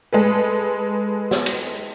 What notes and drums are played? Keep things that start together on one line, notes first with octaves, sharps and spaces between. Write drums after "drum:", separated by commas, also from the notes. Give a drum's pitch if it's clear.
G#3 A4 B4
drum: snare
drum: cymbal